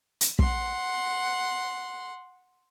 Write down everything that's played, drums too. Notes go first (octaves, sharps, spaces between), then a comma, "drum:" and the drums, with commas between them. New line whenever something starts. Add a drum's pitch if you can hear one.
drum: hi-hat
F#5 C6, drum: kick